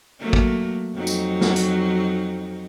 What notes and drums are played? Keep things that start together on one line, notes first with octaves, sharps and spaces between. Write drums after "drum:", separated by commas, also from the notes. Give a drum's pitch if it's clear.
F#3 A3 A#3
drum: kick
F2 F#3 D#4
drum: tambourine
drum: snare
drum: hi-hat